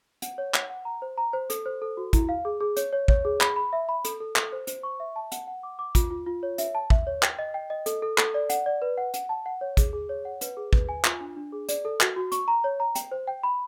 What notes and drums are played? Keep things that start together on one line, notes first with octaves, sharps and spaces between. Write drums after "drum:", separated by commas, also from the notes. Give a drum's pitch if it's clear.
F#5, drum: hi-hat
C#5
F#5, drum: clap
F#5
A#5
C5
A#5
C5
A4, drum: hi-hat
C5
A4
F#4
E4, drum: kick, hi-hat
F5
G#4
G#4
C#5, drum: hi-hat
C#5
C#5, drum: kick
G#4
B5, drum: clap
B5
E5
B5
A4, drum: hi-hat
A4
A4, drum: clap
C5
C5, drum: hi-hat
C#6
E5
A5
F#5, drum: hi-hat
F#5
D6
D6
F4, drum: kick, hi-hat
F4
F4
C#5
E5, drum: hi-hat
A5
E5, drum: kick
C#5
G5, drum: clap
D#5
G5
D#5
A4, drum: hi-hat
A4
A4, drum: clap
D5
F#5, drum: hi-hat
D5
B4
F#5
F#5, drum: hi-hat
A5
F#5
C#5
G#4, drum: kick, hi-hat
G#4
C#5
F#5
B4, drum: hi-hat
G#4
B4, drum: kick
G#5
F4, drum: clap
D4
D4
G#4
D5, drum: hi-hat
A4
F#4, drum: clap
F#4
C#6, drum: hi-hat
A#5
C#5
A#5
G5, drum: hi-hat
C5
G5
B5